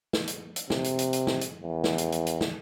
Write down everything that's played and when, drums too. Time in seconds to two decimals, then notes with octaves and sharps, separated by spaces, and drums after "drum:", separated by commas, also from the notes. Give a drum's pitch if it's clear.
0.13 drum: snare
0.28 drum: hi-hat
0.56 drum: hi-hat
0.70 C3, drum: snare
0.84 drum: hi-hat
0.99 drum: hi-hat
1.13 drum: hi-hat
1.27 drum: snare
1.41 drum: hi-hat
1.63 E2
1.84 drum: snare
1.98 drum: hi-hat
2.12 drum: hi-hat
2.27 drum: hi-hat
2.41 drum: snare